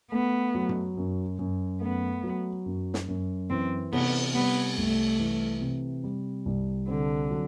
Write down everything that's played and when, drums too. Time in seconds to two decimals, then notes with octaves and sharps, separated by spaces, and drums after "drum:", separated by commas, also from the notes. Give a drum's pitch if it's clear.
0.12 A3 B3
0.55 F#3
0.69 drum: tom F#2
0.97 F#2
1.39 F#2
1.81 A3 B3
2.23 F#3
2.66 F#2
2.94 drum: snare
3.08 F#2
3.50 E3 C4
3.93 C3 B3, drum: cymbal
4.34 G3 B3
4.77 C2 A3
5.19 E3
5.61 C3
6.04 G3
6.46 C2
6.88 D3 C4
7.30 F#3